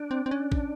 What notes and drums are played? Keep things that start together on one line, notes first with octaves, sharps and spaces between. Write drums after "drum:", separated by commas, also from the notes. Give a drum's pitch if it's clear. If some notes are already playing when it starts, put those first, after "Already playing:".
Already playing: D4
C4
C4
C#4
drum: kick